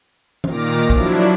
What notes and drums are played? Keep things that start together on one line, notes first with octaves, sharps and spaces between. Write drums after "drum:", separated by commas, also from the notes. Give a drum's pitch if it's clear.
A#2 D#3 D6 F6 A#6, drum: tom E3
F3 F#3 D4 E4, drum: kick